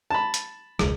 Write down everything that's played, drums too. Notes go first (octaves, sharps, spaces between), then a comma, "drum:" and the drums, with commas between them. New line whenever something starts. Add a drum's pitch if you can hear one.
A5 B5
drum: hi-hat
E1 C#2, drum: rim click